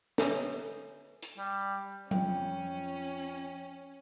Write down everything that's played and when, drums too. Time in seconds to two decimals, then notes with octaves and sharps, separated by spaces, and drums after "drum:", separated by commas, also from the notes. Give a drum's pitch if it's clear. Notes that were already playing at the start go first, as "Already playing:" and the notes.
0.18 A4 B4 C#5 E5 G#5, drum: snare
1.23 drum: hi-hat
1.38 G3
2.11 F2 C#4 G5, drum: tom F#3